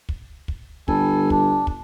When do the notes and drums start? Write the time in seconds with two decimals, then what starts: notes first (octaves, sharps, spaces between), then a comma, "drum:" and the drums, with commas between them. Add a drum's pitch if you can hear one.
0.09 drum: kick
0.48 drum: kick
0.88 G1 G3 A4 G#5, drum: kick
1.30 D4, drum: kick
1.67 drum: kick